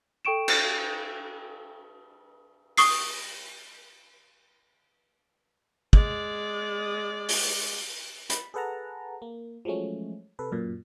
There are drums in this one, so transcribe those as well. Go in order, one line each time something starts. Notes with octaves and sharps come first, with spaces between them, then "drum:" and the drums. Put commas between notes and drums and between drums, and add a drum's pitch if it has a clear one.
A4 G5 C#6 D7 E7
drum: cymbal
C#6 D#6 C7, drum: open hi-hat
G#3 D5, drum: kick
drum: open hi-hat
B5, drum: hi-hat
G#4 A4 B4 F#5 A5 A#5
A#3
F3 F#3 G#3 A3 C#4
C3 A4 B4
F#2 A#2